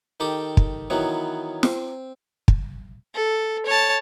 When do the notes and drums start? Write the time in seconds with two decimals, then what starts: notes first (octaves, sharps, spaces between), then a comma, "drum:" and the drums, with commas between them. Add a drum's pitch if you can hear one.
0.20 D#3 G4 A4 G5 D6 D#6
0.57 drum: kick
0.90 D#3 E3 F#3 B3 C#5
1.63 C4, drum: snare
2.48 drum: kick
3.15 A4
3.66 C#5 A5